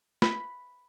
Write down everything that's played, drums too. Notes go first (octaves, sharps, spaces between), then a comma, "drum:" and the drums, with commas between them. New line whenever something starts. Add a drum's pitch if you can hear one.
B5, drum: snare